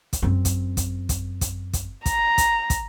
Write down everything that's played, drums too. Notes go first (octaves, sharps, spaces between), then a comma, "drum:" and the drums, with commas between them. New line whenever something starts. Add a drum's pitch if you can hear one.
drum: kick, hi-hat
F#2 C4
drum: kick, hi-hat
drum: kick, hi-hat
drum: kick, hi-hat
drum: kick, hi-hat
drum: kick, hi-hat
A#5, drum: kick, hi-hat
drum: kick, hi-hat
drum: kick, hi-hat